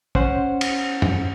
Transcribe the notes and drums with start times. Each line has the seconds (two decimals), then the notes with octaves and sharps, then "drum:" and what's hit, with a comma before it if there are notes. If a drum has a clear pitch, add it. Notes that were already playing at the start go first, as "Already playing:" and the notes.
0.15 C#4 C5 F#5, drum: kick
0.61 drum: cymbal
1.02 drum: tom F#2